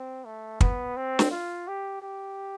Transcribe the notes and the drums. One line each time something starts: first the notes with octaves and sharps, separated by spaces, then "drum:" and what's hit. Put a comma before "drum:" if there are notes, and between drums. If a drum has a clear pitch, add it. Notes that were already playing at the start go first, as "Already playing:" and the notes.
Already playing: C4
A3
B3, drum: kick
C4
drum: snare
F4
G4
G4